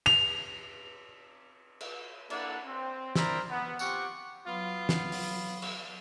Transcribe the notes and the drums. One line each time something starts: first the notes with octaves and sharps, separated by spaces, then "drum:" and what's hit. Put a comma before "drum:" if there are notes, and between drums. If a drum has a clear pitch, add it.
F7, drum: cymbal
drum: cymbal
A#3 D4 E4 A4 D5 F#5, drum: cymbal
C4
E4 A#4 C5 D5 E5 A#5, drum: snare
B3
C4 F4 G4 F#5 C#6 D6, drum: tambourine
F#3 B3 F4
drum: snare
drum: open hi-hat
drum: cymbal